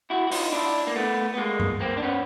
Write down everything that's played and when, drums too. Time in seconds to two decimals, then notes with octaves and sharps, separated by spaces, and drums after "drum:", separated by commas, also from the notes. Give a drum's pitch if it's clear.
0.10 E4 F#4
0.27 F#4
0.31 D#4 F4, drum: open hi-hat
0.52 D4 E4
0.87 A#3
0.95 A3 B3
1.34 B3
1.38 G#3 A#3
1.59 drum: tom G2
1.81 A#3 C4
1.97 D4
2.02 B3 C#4